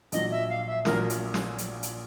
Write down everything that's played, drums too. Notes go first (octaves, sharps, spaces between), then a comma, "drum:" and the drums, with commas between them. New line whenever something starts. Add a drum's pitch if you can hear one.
A#1 A#2 F#3 D#5, drum: hi-hat
E5
F5
E5
A#1 A#2 F#3 A#4, drum: snare
drum: hi-hat
drum: snare
drum: hi-hat
drum: hi-hat